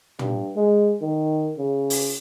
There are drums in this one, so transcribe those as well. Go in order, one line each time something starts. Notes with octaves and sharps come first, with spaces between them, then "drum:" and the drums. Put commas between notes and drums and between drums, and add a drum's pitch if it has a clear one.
G2, drum: tom
G#3
D#3
C#3
drum: open hi-hat